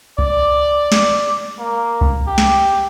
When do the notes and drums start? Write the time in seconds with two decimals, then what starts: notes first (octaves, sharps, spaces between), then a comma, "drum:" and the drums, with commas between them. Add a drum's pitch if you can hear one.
0.19 D5, drum: kick C2
0.92 drum: snare
1.59 A#3
2.01 drum: kick C2
2.27 G4
2.38 drum: snare